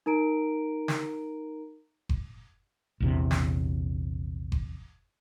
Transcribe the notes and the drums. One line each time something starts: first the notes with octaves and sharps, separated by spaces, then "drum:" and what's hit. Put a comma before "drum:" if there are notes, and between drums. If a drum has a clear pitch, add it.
D#4 A#4 A#5 D7
drum: snare
drum: kick F#1
A#1 E2 C3
drum: snare
drum: kick F#1